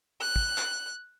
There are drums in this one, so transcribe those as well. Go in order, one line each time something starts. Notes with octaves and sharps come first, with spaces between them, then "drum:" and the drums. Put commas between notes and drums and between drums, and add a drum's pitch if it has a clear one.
F#6
drum: kick
drum: clap